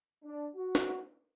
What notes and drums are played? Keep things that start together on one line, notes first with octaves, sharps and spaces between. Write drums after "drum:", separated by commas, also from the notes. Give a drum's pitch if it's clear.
D4
F#4
drum: snare